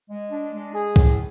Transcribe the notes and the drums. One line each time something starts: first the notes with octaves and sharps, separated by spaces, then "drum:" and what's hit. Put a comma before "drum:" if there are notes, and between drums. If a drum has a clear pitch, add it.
G#3
D4
G#3
G#4
A2, drum: kick C2